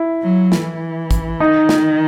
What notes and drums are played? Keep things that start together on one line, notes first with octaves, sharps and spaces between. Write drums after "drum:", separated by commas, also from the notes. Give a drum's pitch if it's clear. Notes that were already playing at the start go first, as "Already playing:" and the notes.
Already playing: E4
F#3
E3, drum: snare
drum: kick, hi-hat
D#3 D#4
drum: snare